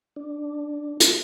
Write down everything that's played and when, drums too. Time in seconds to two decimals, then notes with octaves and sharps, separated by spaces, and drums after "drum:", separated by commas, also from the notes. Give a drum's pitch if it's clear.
0.16 D4
1.00 drum: hi-hat